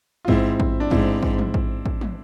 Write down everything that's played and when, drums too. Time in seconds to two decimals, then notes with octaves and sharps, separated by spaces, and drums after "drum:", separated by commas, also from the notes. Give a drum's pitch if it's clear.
0.25 F4
0.28 G#2 C4 E4, drum: kick A1
0.60 drum: kick A1
0.80 D4
0.91 G#2 C4 E4, drum: kick A1
1.23 drum: kick A1
1.38 drum: tom
1.54 drum: kick A1
1.86 drum: kick A1
2.01 drum: tom